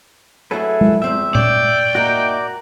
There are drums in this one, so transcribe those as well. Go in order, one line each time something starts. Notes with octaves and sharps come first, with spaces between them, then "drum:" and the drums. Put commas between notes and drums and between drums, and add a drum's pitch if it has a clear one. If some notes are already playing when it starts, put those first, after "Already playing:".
F#3 A3 E4 G#4 A4 B4
drum: tom G#3
E2 C4 E5 G5
C#5 D5 G5, drum: tom A#2
A#3 D#4 E4 F#4 A#4